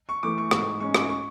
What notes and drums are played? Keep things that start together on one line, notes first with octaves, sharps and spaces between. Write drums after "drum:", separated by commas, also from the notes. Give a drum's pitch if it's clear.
C#6
E3 A3 D6
C#6
G#2 C#6, drum: rim click
G#3 C#4 C#6
D6, drum: rim click
C#6